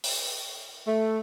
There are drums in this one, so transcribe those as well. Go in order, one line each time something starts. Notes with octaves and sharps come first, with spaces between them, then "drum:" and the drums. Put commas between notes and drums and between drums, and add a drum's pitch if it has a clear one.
drum: open hi-hat
A3